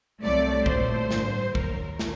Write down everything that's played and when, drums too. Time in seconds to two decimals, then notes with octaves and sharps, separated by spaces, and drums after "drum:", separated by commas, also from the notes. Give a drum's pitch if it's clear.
0.22 C2 C3 F#3 A3 D5
0.66 C2 A#2 A3 C5, drum: kick
1.11 A1 G2 D3, drum: snare
1.55 D#2 D#3 F#3 A#4, drum: kick
1.99 drum: snare